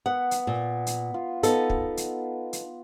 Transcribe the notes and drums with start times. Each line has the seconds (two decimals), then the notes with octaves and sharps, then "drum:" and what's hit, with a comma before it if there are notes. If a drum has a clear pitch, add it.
0.06 B3 F#5
0.31 drum: hi-hat
0.47 A#2
0.87 drum: hi-hat
1.14 F4
1.43 B3 D#4 A4, drum: hi-hat
1.70 drum: kick
1.97 drum: hi-hat
2.53 drum: hi-hat